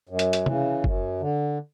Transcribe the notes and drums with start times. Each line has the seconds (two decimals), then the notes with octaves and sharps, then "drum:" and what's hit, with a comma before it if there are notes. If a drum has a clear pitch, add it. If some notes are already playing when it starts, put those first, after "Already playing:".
0.09 F#2
0.19 drum: hi-hat
0.33 drum: hi-hat
0.46 C#3 E3, drum: tom C3
0.84 F#2, drum: kick F#1
1.21 D3